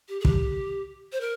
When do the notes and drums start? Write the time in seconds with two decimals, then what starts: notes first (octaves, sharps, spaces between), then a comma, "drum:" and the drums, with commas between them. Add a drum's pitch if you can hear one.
0.08 G4
0.20 G#4
0.25 G4, drum: kick
1.12 C5
1.21 A#4